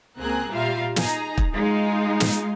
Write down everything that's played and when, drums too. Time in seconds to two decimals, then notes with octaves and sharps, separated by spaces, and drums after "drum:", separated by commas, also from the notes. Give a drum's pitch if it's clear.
0.18 C#2 A#3 C4 G#4 A#5 F#6
0.50 A#2 G3 F4 E5 F5 A#5
0.96 D#4 G#4 A#5, drum: snare
1.38 drum: kick
1.53 G#3 D#4 F4 F5
2.20 drum: snare